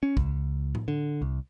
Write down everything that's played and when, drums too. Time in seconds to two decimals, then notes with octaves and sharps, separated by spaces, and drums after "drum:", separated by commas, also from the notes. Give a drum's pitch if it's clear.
0.03 C#4
0.17 C#2, drum: kick
0.75 drum: tom A2
0.88 D3
1.22 C2